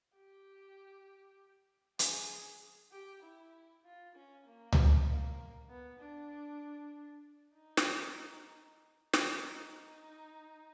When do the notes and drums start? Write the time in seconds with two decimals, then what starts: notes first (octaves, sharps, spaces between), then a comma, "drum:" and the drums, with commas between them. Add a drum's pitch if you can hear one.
0.15 G4
1.99 G#4, drum: hi-hat
2.92 G4
3.22 E4
3.85 F4
4.15 C#4
4.46 A#3
4.72 drum: tom C#2
5.07 A#3
5.69 B3
5.99 D4
7.54 D#4
7.77 drum: snare
9.14 drum: snare
9.39 D#4